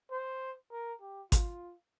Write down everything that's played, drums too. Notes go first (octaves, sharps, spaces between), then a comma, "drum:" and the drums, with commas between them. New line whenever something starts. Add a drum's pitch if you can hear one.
C5
A#4
G4
F4, drum: kick G#1, hi-hat